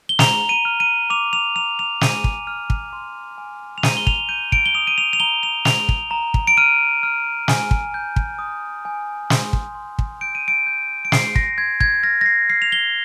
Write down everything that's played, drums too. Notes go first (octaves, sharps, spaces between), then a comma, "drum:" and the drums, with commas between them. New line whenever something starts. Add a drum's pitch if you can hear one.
G7
A#5 F7, drum: snare
D#7
F6
D#7
D6 F7
F7
A#5 F7
F7
G#5 D#7, drum: snare
drum: kick
F6
drum: kick
C6
G#5
F7
A#5 D#7, drum: snare
G7
F7, drum: kick
G6 D#7
D7, drum: kick
G7
D#6 F7
D#7
F7
F7
A#5 G7
F7
A#5 F7, drum: snare
drum: kick
A#5
drum: kick
D7
F6 D#7
F6
G#5, drum: snare
drum: kick
G6
drum: kick
D#6
G#5
C6, drum: snare
drum: kick
C6
drum: kick
G6 D7
D#7
D7
G6
D7
C6 C7, drum: snare
A#6, drum: kick
C6 G#6
G#6, drum: kick
F6 A#6
A#6
C7
F6 C7
F7
G7